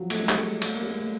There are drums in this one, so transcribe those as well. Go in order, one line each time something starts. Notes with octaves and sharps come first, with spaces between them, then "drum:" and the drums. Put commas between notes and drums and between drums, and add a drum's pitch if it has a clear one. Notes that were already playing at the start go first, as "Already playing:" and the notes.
Already playing: F3 F#3
A3, drum: cymbal
G#3
G3, drum: clap
G#3
A3, drum: cymbal
A#3
G3
G#3
A3